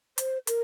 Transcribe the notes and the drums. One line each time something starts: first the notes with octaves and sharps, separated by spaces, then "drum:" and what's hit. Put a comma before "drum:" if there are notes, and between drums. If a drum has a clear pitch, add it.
C5, drum: hi-hat
A#4, drum: hi-hat